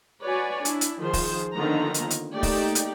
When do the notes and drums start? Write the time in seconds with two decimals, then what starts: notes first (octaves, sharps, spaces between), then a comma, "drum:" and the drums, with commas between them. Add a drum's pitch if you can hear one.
0.24 F#4 B4 C#5 D5 G#5
0.65 D4 E4, drum: hi-hat
0.81 drum: hi-hat
1.02 D#3 F3 G#4 C5
1.13 drum: kick, open hi-hat
1.54 D3 D#3 F3 A#3 B3 A#5
1.94 drum: hi-hat
2.10 drum: hi-hat
2.34 A3 A#3 D#4 G4 D5 G5
2.43 drum: kick, open hi-hat
2.75 drum: hi-hat